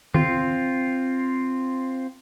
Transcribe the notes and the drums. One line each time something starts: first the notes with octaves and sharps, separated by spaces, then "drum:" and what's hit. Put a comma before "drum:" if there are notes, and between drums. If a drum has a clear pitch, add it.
C4 F4, drum: tom D#3